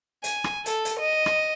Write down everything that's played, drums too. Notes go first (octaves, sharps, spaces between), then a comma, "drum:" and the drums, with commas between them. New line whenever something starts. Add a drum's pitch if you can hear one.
G#5, drum: hi-hat
drum: rim click
A4, drum: hi-hat
drum: hi-hat
D#5
drum: rim click